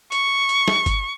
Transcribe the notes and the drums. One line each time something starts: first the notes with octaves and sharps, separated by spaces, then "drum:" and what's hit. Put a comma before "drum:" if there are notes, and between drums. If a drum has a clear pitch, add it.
C#6, drum: hi-hat
drum: hi-hat
drum: snare
drum: kick G1, hi-hat